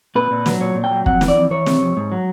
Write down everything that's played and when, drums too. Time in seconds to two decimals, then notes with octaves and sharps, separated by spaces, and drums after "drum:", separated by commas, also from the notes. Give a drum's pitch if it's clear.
0.15 A#2 B4
0.31 A#2
0.46 F#3, drum: snare
0.61 A#2 C#5
0.75 A#2
0.84 G5
0.91 F#3
1.06 F2 F#5, drum: kick
1.21 E3, drum: snare
1.28 D5
1.36 F2
1.50 E3 C#5
1.66 C3, drum: snare
1.81 F2
1.97 G#2
2.12 F#3